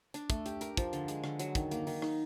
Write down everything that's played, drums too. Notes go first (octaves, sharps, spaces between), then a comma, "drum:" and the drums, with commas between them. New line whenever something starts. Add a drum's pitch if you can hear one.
D4, drum: hi-hat
A3, drum: kick, hi-hat
G4, drum: hi-hat
A#4, drum: hi-hat
F3, drum: kick, hi-hat
D3, drum: hi-hat
G#3, drum: hi-hat
D3, drum: rim click
F#3, drum: hi-hat
D#3, drum: kick, hi-hat
A#3, drum: hi-hat
D#3, drum: open hi-hat
D#4, drum: rim click